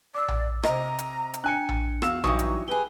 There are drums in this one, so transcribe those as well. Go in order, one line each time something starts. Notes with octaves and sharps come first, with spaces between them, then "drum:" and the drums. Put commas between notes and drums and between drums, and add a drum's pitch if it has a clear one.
D5 D6 E6
drum: tom A#1
C3 D#5 A#5, drum: rim click
drum: hi-hat
drum: hi-hat
D4 G5 G#5 F#6 C#7
drum: tom A#1
E2 F#4 F5 E6 E7, drum: rim click
G2 E3 F#3 D#4 C#6 D#6, drum: tom A#1
drum: hi-hat
G4 G#4 B4 G7